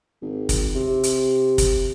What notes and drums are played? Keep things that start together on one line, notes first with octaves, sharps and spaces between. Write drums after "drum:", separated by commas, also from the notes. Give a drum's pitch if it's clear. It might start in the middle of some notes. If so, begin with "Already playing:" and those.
G#1
drum: kick, hi-hat
C3
drum: hi-hat
drum: kick, hi-hat